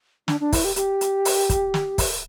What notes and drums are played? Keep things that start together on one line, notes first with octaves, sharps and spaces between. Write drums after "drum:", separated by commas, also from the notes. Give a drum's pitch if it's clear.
D4, drum: snare
D4
E4, drum: kick, open hi-hat
G4
G4, drum: hi-hat
drum: hi-hat
drum: open hi-hat
drum: kick, hi-hat
drum: snare
drum: kick, open hi-hat